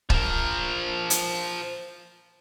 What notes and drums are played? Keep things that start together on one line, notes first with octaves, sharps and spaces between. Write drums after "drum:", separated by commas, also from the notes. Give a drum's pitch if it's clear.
F3 A#4, drum: kick
drum: hi-hat